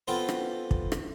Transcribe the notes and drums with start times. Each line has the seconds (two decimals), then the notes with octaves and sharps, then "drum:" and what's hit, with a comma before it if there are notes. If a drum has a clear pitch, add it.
0.08 B3 C4 F4 A4
0.29 drum: rim click
0.71 drum: kick
0.92 drum: rim click